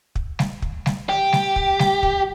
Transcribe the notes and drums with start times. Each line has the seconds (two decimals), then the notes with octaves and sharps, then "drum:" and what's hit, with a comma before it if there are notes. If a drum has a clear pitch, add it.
0.15 drum: kick
0.39 drum: snare G3
0.62 drum: kick
0.86 drum: snare G3
1.09 G4
1.33 drum: snare G3
1.56 drum: kick
1.79 drum: snare G3
2.03 drum: kick